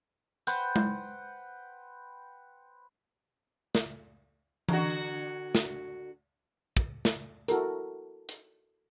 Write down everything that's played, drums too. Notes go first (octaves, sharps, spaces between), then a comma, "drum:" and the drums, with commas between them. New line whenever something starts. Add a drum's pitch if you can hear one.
B4 C5 F#5 G5, drum: tambourine
drum: tom G#3
drum: snare
D3 F#4, drum: tom E3
drum: snare
drum: kick
drum: snare
E4 F#4 A4 A#4, drum: hi-hat
drum: hi-hat